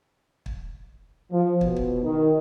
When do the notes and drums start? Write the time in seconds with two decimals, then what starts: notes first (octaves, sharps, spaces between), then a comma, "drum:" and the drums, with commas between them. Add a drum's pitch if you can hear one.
0.46 drum: kick
1.30 F3
1.61 B2, drum: kick
1.76 drum: kick
2.03 D#3